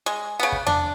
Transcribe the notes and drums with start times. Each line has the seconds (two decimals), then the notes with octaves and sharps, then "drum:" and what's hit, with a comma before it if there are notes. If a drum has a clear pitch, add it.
0.06 G#3
0.40 C#3 B3
0.52 drum: kick
0.67 D4, drum: tom E2